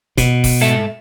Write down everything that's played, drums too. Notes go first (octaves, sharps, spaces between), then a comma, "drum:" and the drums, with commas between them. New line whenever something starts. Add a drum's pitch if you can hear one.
B2, drum: kick, hi-hat
drum: kick, open hi-hat
G#2 A4 E5